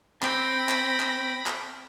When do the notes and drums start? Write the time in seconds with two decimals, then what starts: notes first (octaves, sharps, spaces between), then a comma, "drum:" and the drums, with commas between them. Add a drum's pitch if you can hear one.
0.23 C4 G5 B5 A#6, drum: clap
0.69 drum: clap
1.00 drum: clap
1.46 drum: clap